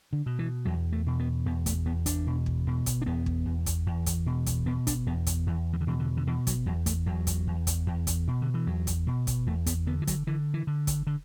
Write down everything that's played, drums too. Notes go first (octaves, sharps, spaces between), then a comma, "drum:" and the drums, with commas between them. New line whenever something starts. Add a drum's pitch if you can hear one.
D3
B2
E3
E2 F#3
A3
B2
B3
E2 B3
A3, drum: kick, hi-hat
E2 B3
D4, drum: kick, hi-hat
B2
drum: kick
B2
drum: kick, hi-hat
D4
E2 B3
drum: kick
E2
drum: kick, hi-hat
E2
drum: kick, hi-hat
B2
drum: kick, hi-hat
B2 B3
D4, drum: kick, hi-hat
E2 B3
drum: kick, hi-hat
E2 E3
E3
D3
B2 E3
D3
D3
B2 E3
F#3, drum: kick, hi-hat
E2 F#3
A3, drum: kick, hi-hat
E2 F#3
drum: kick, hi-hat
E2
drum: kick, hi-hat
E2
drum: kick, hi-hat
B2
D3
E3
E2 F#3
drum: kick, hi-hat
B2
drum: kick, hi-hat
E2 A3
B3, drum: kick, hi-hat
D3 B3
E3
F#3, drum: kick, hi-hat
D3 E3
E3
D3
drum: kick, hi-hat
D3